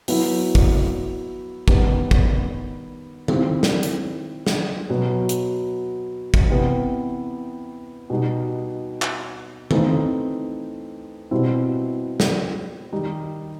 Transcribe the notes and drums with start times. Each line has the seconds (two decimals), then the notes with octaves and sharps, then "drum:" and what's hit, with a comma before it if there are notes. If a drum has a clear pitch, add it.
0.08 F#3 B3 E4, drum: open hi-hat
0.55 drum: kick
1.68 D#3 G3 B3 D#4, drum: kick
2.11 drum: kick
3.28 D#3 G3 C4 E4, drum: tom
3.63 drum: snare
3.83 drum: hi-hat
4.47 drum: snare
4.89 B2 F#3 B3
5.29 drum: hi-hat
6.34 drum: kick
6.50 C3 E3 B3
8.10 B2 G3 D#4
9.02 drum: clap
9.71 E3 A3 C4 D#4, drum: tom
11.31 B2 G3 C4 E4
12.20 drum: snare
12.92 D#3 G3 D#4